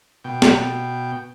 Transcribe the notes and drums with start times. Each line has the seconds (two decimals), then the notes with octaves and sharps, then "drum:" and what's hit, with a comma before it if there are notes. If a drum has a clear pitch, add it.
0.24 B2 G5
0.42 drum: snare